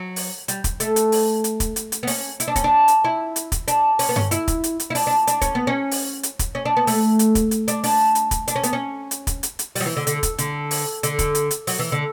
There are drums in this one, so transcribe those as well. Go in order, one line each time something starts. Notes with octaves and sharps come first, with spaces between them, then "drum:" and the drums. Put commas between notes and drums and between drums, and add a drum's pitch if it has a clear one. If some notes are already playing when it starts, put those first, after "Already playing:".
Already playing: F#3
drum: open hi-hat
G3, drum: hi-hat
drum: kick, hi-hat
A3, drum: hi-hat
drum: hi-hat
drum: open hi-hat
drum: hi-hat
drum: kick, hi-hat
drum: hi-hat
drum: hi-hat
B3
C#4, drum: open hi-hat
E4, drum: hi-hat
D4
C#4, drum: kick, hi-hat
D4
drum: hi-hat
E4
drum: hi-hat
drum: kick, hi-hat
D4, drum: hi-hat
C#4, drum: open hi-hat
B3
C#4, drum: tom G2
E4, drum: hi-hat
drum: kick, hi-hat
drum: hi-hat
drum: hi-hat
E4
D4, drum: open hi-hat
D4
D4, drum: hi-hat
C#4, drum: kick, hi-hat
B3
C#4
drum: open hi-hat
drum: hi-hat
drum: kick, hi-hat
C#4
D4
B3
A3, drum: open hi-hat
drum: hi-hat
drum: kick, hi-hat
drum: hi-hat
D4, drum: hi-hat
D4, drum: open hi-hat
drum: hi-hat
drum: kick, hi-hat
D4, drum: hi-hat
C#4
B3, drum: hi-hat
C#4
drum: hi-hat
drum: kick, hi-hat
drum: hi-hat
drum: hi-hat
G3, drum: open hi-hat
F#3
E3
D3
D3, drum: hi-hat
drum: kick, hi-hat
D3, drum: hi-hat
drum: open hi-hat
D3, drum: hi-hat
drum: kick, hi-hat
drum: hi-hat
drum: hi-hat
F#3, drum: open hi-hat
E3
D3